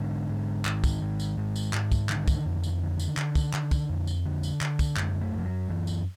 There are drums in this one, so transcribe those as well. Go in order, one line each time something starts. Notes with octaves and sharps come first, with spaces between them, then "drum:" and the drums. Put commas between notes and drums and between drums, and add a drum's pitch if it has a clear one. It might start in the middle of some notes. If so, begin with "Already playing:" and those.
Already playing: G#2 D3
G#2
G#2 D#3, drum: clap
drum: kick, tambourine
G#2
drum: tambourine
G#2
drum: tambourine
G#2, drum: clap
drum: kick, tambourine
D3 D#3, drum: clap
drum: kick, tambourine
F2
drum: tambourine
D3
drum: tambourine
D3, drum: clap
drum: kick, tambourine
D3, drum: clap
drum: kick, tambourine
F2
drum: tambourine
D3
drum: tambourine
D3, drum: clap
drum: kick, tambourine
F#2 G#3, drum: clap
A3
F#2 F3
F#3
F#2 E3
drum: tambourine